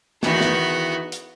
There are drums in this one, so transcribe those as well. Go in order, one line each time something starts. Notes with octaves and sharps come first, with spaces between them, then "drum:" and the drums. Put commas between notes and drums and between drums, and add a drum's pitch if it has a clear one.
E2 D#3 B3 F#4, drum: snare
drum: snare
drum: hi-hat